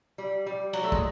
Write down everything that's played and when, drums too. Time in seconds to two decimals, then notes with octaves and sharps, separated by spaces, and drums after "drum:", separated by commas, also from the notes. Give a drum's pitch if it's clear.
0.18 G3
0.46 G3
0.73 F#3, drum: cymbal
0.84 A3
0.92 G#3, drum: kick